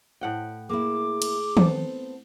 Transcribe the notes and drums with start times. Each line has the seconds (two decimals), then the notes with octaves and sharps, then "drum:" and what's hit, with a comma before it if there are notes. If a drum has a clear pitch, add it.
0.21 A2 F#5 G5
0.69 A#3 E4 G#4 D6
1.22 drum: cymbal
1.57 B3 C4 A4, drum: tom